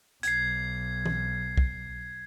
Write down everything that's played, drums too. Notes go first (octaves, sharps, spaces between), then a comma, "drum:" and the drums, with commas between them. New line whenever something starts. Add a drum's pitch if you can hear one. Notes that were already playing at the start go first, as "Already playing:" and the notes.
B1 G#6 C7, drum: hi-hat
drum: tom E3
drum: kick B1